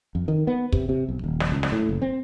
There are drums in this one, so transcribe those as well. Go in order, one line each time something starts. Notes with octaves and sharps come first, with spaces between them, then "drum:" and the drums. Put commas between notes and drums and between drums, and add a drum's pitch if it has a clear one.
F2
D#3
B3
C3, drum: kick
C3
B1
D#1
drum: snare
C#2
drum: snare
A2
F#1
C4